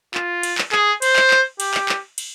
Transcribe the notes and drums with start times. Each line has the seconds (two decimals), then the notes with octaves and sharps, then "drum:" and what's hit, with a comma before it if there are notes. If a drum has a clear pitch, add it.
0.14 F4, drum: clap
0.43 drum: cymbal
0.58 drum: clap
0.72 G#4, drum: clap
1.02 C5, drum: cymbal
1.16 drum: clap
1.31 drum: clap
1.60 G4, drum: cymbal
1.74 drum: clap
1.89 drum: clap
2.18 drum: cymbal